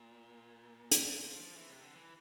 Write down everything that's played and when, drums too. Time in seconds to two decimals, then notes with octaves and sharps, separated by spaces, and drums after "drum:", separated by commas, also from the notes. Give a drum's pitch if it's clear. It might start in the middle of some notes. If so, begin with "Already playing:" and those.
Already playing: A#2
0.91 C3, drum: hi-hat
1.04 A#2
1.17 D3
1.30 F3
1.42 F3
1.56 E3
1.69 C3
1.82 D3
1.95 E3